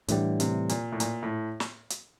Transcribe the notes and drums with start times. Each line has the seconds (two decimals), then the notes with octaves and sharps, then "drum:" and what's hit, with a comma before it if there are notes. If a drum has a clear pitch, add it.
0.08 A2 D3 E3 G3, drum: hi-hat
0.40 C3, drum: hi-hat
0.69 A#2, drum: hi-hat
0.92 A2
1.00 A#2, drum: hi-hat
1.23 A2
1.60 drum: snare
1.90 drum: hi-hat